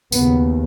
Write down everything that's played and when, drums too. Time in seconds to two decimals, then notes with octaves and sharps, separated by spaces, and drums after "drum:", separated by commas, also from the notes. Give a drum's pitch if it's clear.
0.12 D#2 C#3 B3, drum: tambourine